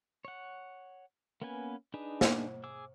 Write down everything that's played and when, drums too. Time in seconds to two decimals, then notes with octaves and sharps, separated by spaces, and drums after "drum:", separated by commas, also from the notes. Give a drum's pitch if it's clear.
0.25 C#5 F#5
1.42 A#3 B3 C#4 B4 G#5
1.94 D4 D#4 G#4 B4
2.21 drum: snare
2.64 G#4 D6 E6